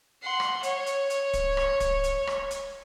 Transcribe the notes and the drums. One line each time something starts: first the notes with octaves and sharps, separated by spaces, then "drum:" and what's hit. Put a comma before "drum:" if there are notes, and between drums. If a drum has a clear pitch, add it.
F#5 C6
drum: rim click
C#5, drum: hi-hat
drum: hi-hat
drum: hi-hat
drum: kick D1, hi-hat
drum: rim click
drum: kick D1, hi-hat
drum: hi-hat
drum: rim click
drum: hi-hat